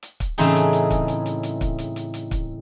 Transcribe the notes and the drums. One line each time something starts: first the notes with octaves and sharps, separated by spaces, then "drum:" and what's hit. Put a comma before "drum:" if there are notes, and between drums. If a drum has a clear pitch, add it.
drum: hi-hat
drum: kick, hi-hat
A2 C#3 E3 C4 D#4 G#4, drum: hi-hat
drum: hi-hat
drum: hi-hat
drum: kick, hi-hat
drum: hi-hat
drum: hi-hat
drum: hi-hat
drum: kick, hi-hat
drum: hi-hat
drum: hi-hat
drum: hi-hat
drum: kick, hi-hat